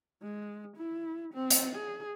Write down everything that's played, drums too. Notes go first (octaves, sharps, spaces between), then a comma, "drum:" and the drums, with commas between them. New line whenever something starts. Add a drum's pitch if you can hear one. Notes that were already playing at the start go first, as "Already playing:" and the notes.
G#3
E4
C4
drum: hi-hat
G#4